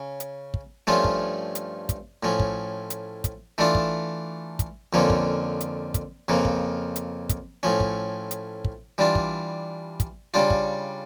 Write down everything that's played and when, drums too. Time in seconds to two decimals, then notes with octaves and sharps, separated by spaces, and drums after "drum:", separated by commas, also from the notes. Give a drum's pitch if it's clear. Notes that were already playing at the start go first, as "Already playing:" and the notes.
Already playing: C#3 C#4
0.20 drum: hi-hat
0.54 drum: kick
0.87 G2 F3 A3 C#4 F4
1.04 drum: kick
1.55 drum: hi-hat
1.89 drum: kick, hi-hat
2.23 A2 F3 C#4
2.40 drum: kick
2.90 drum: hi-hat
3.24 drum: kick, hi-hat
3.58 E3 A3 D4 F4
3.75 drum: kick
4.59 drum: kick, hi-hat
4.93 F2 D3 F3 A#3 C#4
5.10 drum: kick
5.60 drum: hi-hat
5.94 drum: kick, hi-hat
6.28 F2 C#3 F3 A#3
6.45 drum: kick
6.96 drum: hi-hat
7.29 drum: kick, hi-hat
7.63 A2 F3 C#4
7.80 drum: kick
8.31 drum: hi-hat
8.65 drum: kick
8.98 E3 G3 D4 F4
9.15 drum: kick
10.00 drum: kick, hi-hat
10.34 C#3 G3 D4 F4
10.50 drum: kick